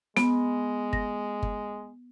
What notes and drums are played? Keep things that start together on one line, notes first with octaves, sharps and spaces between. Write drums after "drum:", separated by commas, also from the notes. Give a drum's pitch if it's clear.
G#3 B3, drum: snare
A#6, drum: kick G1
drum: kick G1